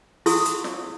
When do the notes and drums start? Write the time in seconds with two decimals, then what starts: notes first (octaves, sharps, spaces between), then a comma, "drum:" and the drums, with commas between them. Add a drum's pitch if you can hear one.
0.26 E4 G#4 A4 C6 C#6 D#6, drum: open hi-hat
0.45 drum: hi-hat
0.64 drum: snare F4